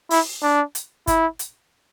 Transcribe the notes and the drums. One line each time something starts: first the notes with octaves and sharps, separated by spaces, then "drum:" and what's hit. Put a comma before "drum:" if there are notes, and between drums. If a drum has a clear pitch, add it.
E4, drum: open hi-hat
D4
drum: hi-hat
E4, drum: kick G1, hi-hat
drum: hi-hat